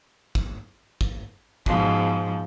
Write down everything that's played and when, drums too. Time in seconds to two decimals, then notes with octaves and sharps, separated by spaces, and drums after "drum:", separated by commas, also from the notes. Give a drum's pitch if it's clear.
0.35 drum: kick
1.01 drum: kick
1.66 G#2 B2 F3, drum: kick